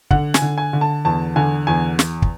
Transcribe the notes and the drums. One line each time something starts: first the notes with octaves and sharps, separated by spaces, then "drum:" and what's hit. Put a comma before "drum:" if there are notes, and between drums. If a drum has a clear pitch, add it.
D3 F#5, drum: kick
G#5, drum: snare
D3
G#5
D3
A5
E2 A5
D3 G#5
E2 G#5
drum: snare
drum: kick